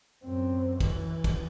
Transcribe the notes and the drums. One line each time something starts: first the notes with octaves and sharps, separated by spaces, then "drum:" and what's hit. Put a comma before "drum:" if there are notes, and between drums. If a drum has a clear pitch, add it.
F#2 C4
E3, drum: kick, cymbal
drum: kick, cymbal